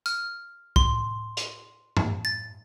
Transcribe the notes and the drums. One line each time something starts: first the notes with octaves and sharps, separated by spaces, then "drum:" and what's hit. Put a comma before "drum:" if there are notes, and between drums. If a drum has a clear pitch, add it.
F6, drum: tambourine
C6, drum: kick
drum: hi-hat
drum: tom G2
A6